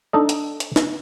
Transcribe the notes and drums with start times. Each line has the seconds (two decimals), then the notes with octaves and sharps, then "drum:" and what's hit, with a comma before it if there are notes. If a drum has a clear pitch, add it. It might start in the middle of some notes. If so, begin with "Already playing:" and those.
0.13 D4 D#4 A4 D#5
0.29 drum: hi-hat
0.60 drum: hi-hat
0.76 drum: snare